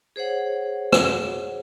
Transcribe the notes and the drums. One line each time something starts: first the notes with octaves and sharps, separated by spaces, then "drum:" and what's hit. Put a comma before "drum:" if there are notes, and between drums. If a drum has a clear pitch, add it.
G#4 C5 C#5 F#5
drum: rim click